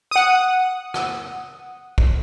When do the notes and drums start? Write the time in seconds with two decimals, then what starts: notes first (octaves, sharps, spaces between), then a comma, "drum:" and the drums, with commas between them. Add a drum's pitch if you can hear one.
0.11 F#5 D#6
0.94 drum: rim click
1.98 drum: kick